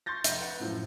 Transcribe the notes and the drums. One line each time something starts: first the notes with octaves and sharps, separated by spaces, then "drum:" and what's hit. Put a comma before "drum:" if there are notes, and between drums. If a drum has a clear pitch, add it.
C6 C#6 G6 A6 A#6
F1, drum: hi-hat
B4 F#5
F#2 A2 F3